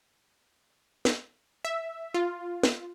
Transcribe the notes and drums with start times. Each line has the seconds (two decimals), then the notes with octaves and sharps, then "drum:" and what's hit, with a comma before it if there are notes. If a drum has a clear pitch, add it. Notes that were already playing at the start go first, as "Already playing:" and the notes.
1.05 drum: snare
1.65 E5
2.14 F4
2.63 drum: snare